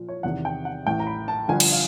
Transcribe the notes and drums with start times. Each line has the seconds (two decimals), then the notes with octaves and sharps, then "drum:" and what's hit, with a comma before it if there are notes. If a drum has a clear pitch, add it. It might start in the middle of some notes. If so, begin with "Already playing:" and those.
Already playing: A#2 F3
0.09 C#5
0.23 E2 C3 D#3 F#5
0.45 G5
0.65 F#5
0.86 A1 A2 E3 G5
1.00 A#5
1.07 B5
1.28 A5
1.48 G1 G2 D3 F3 G#5
1.60 drum: cymbal
1.72 F5